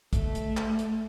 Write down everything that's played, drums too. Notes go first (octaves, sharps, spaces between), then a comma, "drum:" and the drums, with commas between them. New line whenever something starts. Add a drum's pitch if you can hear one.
A3, drum: kick, hi-hat
drum: hi-hat
drum: clap
drum: hi-hat